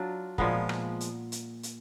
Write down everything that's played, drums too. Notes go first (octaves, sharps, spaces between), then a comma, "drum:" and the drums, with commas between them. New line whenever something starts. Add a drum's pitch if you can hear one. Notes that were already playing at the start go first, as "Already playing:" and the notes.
Already playing: F#3 D4 F4
A#2 F3 G#3 B3, drum: kick
drum: rim click
drum: hi-hat
drum: hi-hat
drum: hi-hat